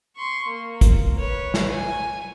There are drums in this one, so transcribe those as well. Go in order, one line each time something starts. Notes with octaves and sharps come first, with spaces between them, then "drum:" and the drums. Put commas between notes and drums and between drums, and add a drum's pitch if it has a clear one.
C6 C#6
A#3
drum: kick, hi-hat
B4 C#5
drum: snare
G#5